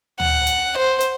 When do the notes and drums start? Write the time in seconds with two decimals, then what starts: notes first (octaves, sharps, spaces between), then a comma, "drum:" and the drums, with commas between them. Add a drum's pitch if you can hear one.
0.20 F#5, drum: tom D2
0.47 drum: hi-hat
0.77 C5
1.00 drum: hi-hat